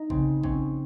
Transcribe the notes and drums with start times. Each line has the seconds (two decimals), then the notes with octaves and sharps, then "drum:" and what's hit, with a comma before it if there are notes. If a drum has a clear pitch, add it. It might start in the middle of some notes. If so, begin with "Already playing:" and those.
Already playing: D#4
0.10 C#3 C4, drum: kick A1
0.44 C4 C#4, drum: kick A1